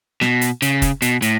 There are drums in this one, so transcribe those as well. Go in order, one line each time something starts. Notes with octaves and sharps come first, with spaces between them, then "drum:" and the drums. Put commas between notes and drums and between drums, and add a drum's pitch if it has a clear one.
B2, drum: snare
drum: hi-hat
C#3, drum: hi-hat
drum: kick, hi-hat
B2, drum: hi-hat
A2, drum: hi-hat